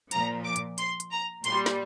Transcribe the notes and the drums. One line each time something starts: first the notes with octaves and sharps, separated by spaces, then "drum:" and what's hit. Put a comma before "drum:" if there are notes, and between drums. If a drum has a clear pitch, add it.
A#2 F3 A#5, drum: hi-hat
D6
drum: hi-hat
C6, drum: hi-hat
drum: hi-hat
A#5
A#2 G3 C6, drum: hi-hat
drum: snare